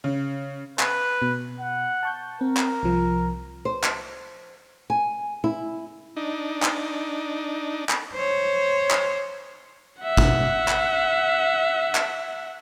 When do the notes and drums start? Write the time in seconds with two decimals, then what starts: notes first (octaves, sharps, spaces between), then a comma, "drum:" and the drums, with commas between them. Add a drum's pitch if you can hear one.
0.04 C#3
0.79 B4, drum: clap
1.22 B2
1.60 F#5
2.03 A5 C#6 G6
2.41 C4 A#4
2.57 drum: clap
2.83 C2 F3
3.65 C5
3.84 drum: clap
4.90 G#5
5.44 E4
6.16 D4 D#4
6.62 drum: clap
7.89 drum: clap
8.14 C5 C#5
8.91 drum: clap
10.02 E5 F#5
10.17 drum: kick
10.68 drum: clap
11.95 drum: clap